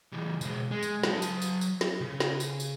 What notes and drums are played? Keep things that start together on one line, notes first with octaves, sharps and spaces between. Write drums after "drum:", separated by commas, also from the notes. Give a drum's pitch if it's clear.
C#3 E3
B2 G#3, drum: tambourine
G#3
drum: tambourine
F#3 A5, drum: snare
drum: tambourine
drum: tambourine
drum: tambourine
drum: snare
C#3
drum: snare
drum: tambourine
drum: tambourine